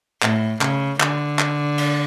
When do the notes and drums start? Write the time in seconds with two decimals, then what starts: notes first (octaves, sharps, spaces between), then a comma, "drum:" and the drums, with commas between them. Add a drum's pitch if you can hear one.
0.22 A2, drum: clap
0.61 C#3, drum: clap
1.00 D3, drum: clap
1.39 drum: clap
1.78 drum: cymbal